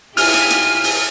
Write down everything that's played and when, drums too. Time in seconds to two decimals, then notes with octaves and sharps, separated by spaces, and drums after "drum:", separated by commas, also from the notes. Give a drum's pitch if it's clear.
0.17 E4 F4 G4 G#5 F6 D#7, drum: open hi-hat
0.34 drum: hi-hat
0.50 drum: hi-hat
0.84 drum: open hi-hat